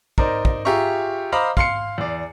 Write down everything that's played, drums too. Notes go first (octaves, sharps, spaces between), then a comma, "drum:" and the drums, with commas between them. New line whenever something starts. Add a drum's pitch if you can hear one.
D#4 A#4 C5 D5, drum: kick
drum: kick
F4 G4 G#4 E5 A#5 C#6
C5 D#5 F5 A#5 B5 D6
F5 C6 C7 C#7, drum: kick
E2 D5